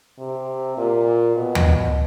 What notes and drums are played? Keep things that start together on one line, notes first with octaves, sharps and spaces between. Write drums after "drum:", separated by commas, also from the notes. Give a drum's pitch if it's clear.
C3
A#2
B2
drum: tom D2